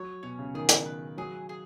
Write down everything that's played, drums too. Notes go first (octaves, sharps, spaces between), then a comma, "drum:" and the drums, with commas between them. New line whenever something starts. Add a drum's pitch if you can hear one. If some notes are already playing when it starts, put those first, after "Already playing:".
Already playing: F#3 C#5
B2 C#4
C#3
D#3 G#4
drum: hi-hat
B4
F#3 G#4
G#4